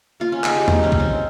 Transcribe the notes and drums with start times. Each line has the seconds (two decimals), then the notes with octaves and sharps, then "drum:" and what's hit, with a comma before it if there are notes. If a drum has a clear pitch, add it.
0.20 A#3 F4
0.32 C#4
0.44 C#3 D#4, drum: clap
0.56 G4
0.68 A#3 C4, drum: tom E2
0.84 C#4
0.92 D#3, drum: kick B1
1.00 C4